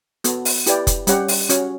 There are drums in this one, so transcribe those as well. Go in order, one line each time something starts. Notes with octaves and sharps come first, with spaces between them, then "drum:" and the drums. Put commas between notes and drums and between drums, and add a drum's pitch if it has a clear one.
B3 F#4 A4, drum: hi-hat
drum: open hi-hat
E4 G4 B4 D5 G5, drum: hi-hat
drum: kick F1, hi-hat
G3 C#4 G4 C#5 F#5, drum: hi-hat
drum: open hi-hat
C#4 F#4 C#5, drum: hi-hat